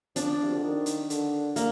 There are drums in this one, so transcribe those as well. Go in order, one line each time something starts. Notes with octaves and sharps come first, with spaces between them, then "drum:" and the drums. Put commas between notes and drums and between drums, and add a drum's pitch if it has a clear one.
F3 D4, drum: hi-hat
C3
D3
D#3
drum: hi-hat
D3, drum: hi-hat
A#3, drum: hi-hat